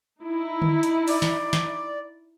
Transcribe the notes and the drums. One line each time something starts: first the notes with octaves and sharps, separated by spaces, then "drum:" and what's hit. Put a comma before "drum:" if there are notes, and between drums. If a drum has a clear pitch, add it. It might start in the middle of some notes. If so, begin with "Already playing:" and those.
D#4 E4
drum: tom D3
drum: hi-hat
D5, drum: open hi-hat
drum: snare
drum: snare